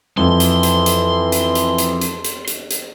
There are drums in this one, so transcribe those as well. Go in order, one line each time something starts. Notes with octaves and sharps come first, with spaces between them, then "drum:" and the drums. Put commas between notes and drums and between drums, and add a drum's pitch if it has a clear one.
F2 E3 C6
drum: hi-hat
drum: hi-hat
drum: hi-hat
drum: hi-hat
drum: hi-hat
drum: hi-hat
drum: hi-hat
drum: hi-hat
drum: hi-hat
drum: hi-hat